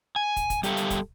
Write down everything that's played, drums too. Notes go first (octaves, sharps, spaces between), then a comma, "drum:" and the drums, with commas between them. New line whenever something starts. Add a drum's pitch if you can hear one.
G#5
drum: kick, hi-hat
drum: kick, hi-hat
G3 G4 A4 A#4 E5 F5, drum: hi-hat
drum: hi-hat
drum: kick, hi-hat